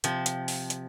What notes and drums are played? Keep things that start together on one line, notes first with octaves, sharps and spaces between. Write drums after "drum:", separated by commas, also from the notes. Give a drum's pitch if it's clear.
C3 F3, drum: hi-hat
drum: hi-hat
drum: open hi-hat
drum: hi-hat